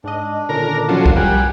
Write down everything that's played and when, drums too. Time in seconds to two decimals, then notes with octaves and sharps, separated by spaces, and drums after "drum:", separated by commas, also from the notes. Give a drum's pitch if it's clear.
0.04 G#2 D4 D#5
0.49 A#2 D3 D#3 C#4 A#4
0.89 F3 F#3 C#4 A5
1.06 drum: kick B1
1.16 F3 G3 A#4 F#5 G#5